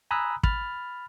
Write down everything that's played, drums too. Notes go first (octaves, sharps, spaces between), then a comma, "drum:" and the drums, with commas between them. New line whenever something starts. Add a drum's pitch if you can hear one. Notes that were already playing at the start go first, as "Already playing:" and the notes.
G#5 A#5 B5 D#6 E6 F#6
B5 F6 A6, drum: kick